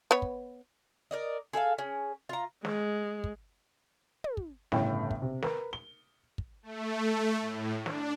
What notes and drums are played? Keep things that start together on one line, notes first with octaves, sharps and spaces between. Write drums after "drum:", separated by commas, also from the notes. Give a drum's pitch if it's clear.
B3 B4 C#5
drum: kick
A#4 D5 D#5
G#4 A4 E5 F5
C#4 G#4
F4 A#5
G#3, drum: snare
drum: kick
drum: tom
drum: kick
G1 A2 C#3 C#5 G5, drum: snare
drum: kick
C3
A#4 B4, drum: snare
G7
drum: kick
A3
A2
D4, drum: snare